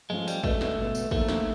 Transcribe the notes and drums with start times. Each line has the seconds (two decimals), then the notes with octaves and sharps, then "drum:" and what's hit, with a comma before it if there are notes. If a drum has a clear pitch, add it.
0.10 F3 G#3 A3 C#4 F4
0.28 G3, drum: tambourine
0.44 G#3 A3 C#4 F#4 B4 D#5, drum: kick
0.61 drum: snare
0.78 B2 G#3 B3
0.95 drum: tambourine
1.11 F3 A3 A#3 D#4 F#4 A#4, drum: kick
1.28 drum: snare